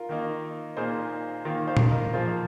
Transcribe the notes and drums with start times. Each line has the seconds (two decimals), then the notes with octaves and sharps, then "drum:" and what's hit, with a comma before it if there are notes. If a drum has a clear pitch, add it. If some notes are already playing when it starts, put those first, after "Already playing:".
Already playing: F4 A#4
0.09 D#3 A#3 D#4
0.77 A#2 A#3 D#4 G#4 C5
1.45 D#3 A#3 F4
1.67 C5 F5
1.77 drum: tom A#2
1.91 A#4 D#5
2.13 F3 A#3 F4 G#4 C5